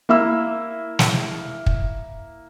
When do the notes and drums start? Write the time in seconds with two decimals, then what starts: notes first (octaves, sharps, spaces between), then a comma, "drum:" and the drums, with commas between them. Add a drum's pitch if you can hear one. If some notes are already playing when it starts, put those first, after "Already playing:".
0.09 A#3 E4 E5 E6
0.99 drum: snare
1.66 drum: kick